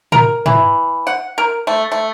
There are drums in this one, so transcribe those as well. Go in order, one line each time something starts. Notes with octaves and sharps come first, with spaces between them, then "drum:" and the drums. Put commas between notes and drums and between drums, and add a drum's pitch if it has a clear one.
A#4, drum: tom
E3, drum: tom
F#5
A#4
A3
A3